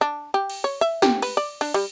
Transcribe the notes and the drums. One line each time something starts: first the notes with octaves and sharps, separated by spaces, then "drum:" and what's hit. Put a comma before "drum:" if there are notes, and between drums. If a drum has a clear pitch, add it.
D4
G4
drum: cymbal
C#5
E5
G4, drum: snare
B4, drum: cymbal
D5
D4, drum: cymbal
G3, drum: cymbal